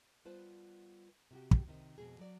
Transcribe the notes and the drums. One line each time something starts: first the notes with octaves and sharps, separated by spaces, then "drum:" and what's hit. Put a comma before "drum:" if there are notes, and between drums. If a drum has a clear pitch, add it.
G3 B3 F4 B4 C5 A5
C3 F#4 G4
drum: kick
C3 D#3 D#4
F2 B2 G#3 G#4
F#3 D5